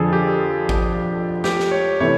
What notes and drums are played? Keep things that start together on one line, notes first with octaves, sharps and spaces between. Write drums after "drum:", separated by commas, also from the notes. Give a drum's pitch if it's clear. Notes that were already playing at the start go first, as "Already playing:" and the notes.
Already playing: F2 D3 F3 G#4 A4
G4
drum: kick A1
G4, drum: snare
drum: snare
C#5
C3 E3 A3 C#5